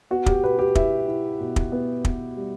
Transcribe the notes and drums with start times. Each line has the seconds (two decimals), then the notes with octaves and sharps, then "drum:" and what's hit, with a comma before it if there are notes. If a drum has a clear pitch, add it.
0.11 B3 F#4
0.26 G4, drum: kick
0.43 B2 B4
0.59 G4
0.75 E4 E5, drum: kick
1.08 E4
1.40 B2
1.56 drum: kick
1.72 B3
2.05 B3, drum: kick
2.37 G3